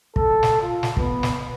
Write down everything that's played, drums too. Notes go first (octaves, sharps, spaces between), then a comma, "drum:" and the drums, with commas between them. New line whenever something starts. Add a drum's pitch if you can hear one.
A4, drum: kick
drum: snare
F4
drum: snare
B3, drum: kick
drum: snare